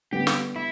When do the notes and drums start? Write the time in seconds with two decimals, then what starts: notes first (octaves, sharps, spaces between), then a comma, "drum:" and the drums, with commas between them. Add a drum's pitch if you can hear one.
0.12 D3 G3 B3 G4
0.27 drum: snare
0.56 E4